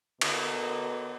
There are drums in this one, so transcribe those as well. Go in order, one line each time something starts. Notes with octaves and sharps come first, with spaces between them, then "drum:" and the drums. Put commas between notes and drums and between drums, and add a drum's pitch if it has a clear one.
B2 D3 A#4 B4, drum: cymbal